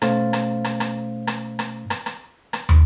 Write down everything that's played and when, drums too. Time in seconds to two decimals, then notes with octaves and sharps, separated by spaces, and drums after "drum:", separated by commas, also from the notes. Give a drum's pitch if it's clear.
0.02 B2 A3 C#4 C5 F5 A6, drum: rim click
0.33 drum: rim click
0.64 drum: rim click
0.80 drum: rim click
1.27 drum: rim click
1.59 drum: rim click
1.90 drum: rim click
2.06 drum: rim click
2.53 drum: rim click
2.69 drum: tom